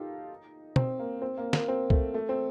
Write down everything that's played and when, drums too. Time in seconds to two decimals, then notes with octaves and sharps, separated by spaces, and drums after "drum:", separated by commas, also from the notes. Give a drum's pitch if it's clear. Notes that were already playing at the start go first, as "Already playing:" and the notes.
Already playing: D#4 F4 G4 A4
0.76 C4, drum: tom
0.99 A#3
1.22 C4
1.37 A#3
1.53 A#3, drum: snare
1.68 C4
1.90 A3, drum: kick
2.14 A3
2.29 C4